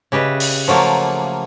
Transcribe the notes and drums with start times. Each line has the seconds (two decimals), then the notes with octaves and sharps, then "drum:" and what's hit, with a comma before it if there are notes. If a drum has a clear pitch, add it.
0.12 C#3 G4 B4 D#5 E5
0.40 drum: open hi-hat
0.68 F3 F#3 A3 A#3